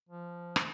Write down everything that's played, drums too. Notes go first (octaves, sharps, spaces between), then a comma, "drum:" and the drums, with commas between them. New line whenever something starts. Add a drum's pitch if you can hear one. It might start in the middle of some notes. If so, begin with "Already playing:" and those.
F3
drum: rim click